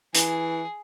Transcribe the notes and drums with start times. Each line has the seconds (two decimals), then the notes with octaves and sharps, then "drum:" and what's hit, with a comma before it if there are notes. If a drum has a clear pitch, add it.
0.15 E3 G#4, drum: hi-hat